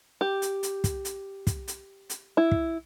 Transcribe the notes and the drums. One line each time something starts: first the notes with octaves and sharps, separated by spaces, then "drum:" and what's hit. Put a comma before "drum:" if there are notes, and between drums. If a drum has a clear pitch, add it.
G4
drum: hi-hat
drum: hi-hat
drum: kick, hi-hat
drum: hi-hat
drum: kick, hi-hat
drum: hi-hat
drum: hi-hat
E4
drum: kick